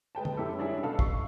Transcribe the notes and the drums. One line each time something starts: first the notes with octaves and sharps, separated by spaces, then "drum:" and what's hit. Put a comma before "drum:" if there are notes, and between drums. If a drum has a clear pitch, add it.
G#3 B4 G5 A5
drum: tom
F#2 E4 G4 A4
G3 C#4 D4 E4 G#4
B2 A4 F5 A5 E6
C#6 C7, drum: kick